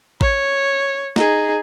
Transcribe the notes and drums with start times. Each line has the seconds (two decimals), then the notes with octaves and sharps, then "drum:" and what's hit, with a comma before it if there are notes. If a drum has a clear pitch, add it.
0.21 C#5, drum: kick A1
1.16 D#4 G#4, drum: snare